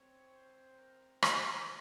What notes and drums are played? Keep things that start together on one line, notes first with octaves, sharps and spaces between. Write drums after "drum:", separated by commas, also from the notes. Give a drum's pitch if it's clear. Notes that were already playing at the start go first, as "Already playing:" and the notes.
Already playing: C4 C#5
C5
A#4
G#4, drum: rim click